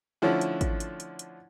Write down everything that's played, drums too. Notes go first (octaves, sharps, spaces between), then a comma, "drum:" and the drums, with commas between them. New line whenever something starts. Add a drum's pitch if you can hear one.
D3 F3 A3 C#4 E4
drum: hi-hat
drum: kick G#1, hi-hat
drum: hi-hat
drum: hi-hat
drum: hi-hat